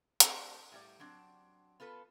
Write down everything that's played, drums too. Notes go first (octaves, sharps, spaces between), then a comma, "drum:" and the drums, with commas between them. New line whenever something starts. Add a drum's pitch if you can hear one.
A3 C4 D4 G4 C5, drum: hi-hat
A2 G3 D5
F#3 C4 D4
B3 F4 A4 B4